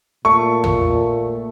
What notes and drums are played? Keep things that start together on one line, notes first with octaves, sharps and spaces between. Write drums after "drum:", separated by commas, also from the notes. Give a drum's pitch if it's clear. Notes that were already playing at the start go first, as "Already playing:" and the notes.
A#2 A3 C#6
drum: tom